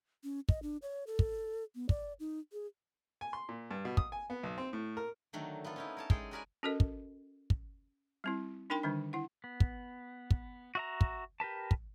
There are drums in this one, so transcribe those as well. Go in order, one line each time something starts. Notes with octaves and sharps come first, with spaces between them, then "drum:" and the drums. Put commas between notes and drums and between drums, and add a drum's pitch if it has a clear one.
C#4
D#5, drum: kick
D4
C#5
A4
drum: kick
B3
D5, drum: kick
D#4
G#4
G#5
C6
A#2
G2
B2
D#6, drum: kick
G#5
B3
B1
C4
A2
A#4
D3 D#3 F#3 A3
B3 F4 A4
C#4 D#4 E4
A#4 C#5 A5
G#3 G#4 A4 G5, drum: kick
F#4 G#4 A#4 B4 D5 G#5
C#4 F#4 A4 A#4 D#5
drum: kick
drum: kick
G3 C4 E4
D4 D#4 A#4 G5 B5 C6
D3 D#3 G3 D4
E4 F#5
B3
drum: kick
drum: kick
F#4 E5 A#5
drum: kick
G4 A#4 B4 A5
drum: kick